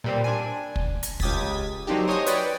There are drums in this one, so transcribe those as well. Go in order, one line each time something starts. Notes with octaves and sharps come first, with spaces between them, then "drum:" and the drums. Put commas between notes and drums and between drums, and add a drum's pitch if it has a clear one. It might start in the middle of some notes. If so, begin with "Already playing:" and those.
A#2 G3 C4
D4 G#5
drum: kick
drum: hi-hat
C#2 G4 D#6 G#6 A6 B6, drum: kick
F#3 A#3 C4 D4 D#4 G4
C5 C#5 D#5 G#5 D#6
B4 C#5 D5 G5, drum: hi-hat